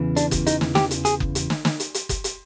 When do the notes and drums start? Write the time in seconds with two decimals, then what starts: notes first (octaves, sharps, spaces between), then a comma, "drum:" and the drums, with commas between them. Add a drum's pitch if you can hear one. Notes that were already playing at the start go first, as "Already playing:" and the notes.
Already playing: E2 C#3 E3
0.16 D4, drum: hi-hat
0.31 drum: kick F#1, hi-hat
0.47 D#4, drum: hi-hat
0.61 drum: snare
0.75 G4, drum: snare
0.91 drum: hi-hat
1.05 G#4, drum: hi-hat
1.20 drum: kick F#1
1.35 drum: hi-hat
1.50 drum: snare
1.65 drum: snare
1.80 drum: hi-hat
1.94 drum: hi-hat
2.09 drum: kick F#1, hi-hat
2.24 drum: hi-hat